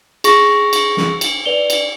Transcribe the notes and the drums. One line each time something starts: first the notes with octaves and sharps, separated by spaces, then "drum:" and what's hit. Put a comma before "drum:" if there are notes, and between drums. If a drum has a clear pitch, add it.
G#4 C#6 A#6, drum: cymbal
drum: cymbal
drum: snare
drum: cymbal
B4 D5 F7 G7
drum: cymbal